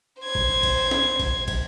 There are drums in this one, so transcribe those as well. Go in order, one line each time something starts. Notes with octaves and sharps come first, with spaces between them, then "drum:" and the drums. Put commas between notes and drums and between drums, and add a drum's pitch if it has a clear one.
C5 G#6
drum: kick
drum: kick, cymbal
drum: snare
drum: kick, cymbal
drum: kick, cymbal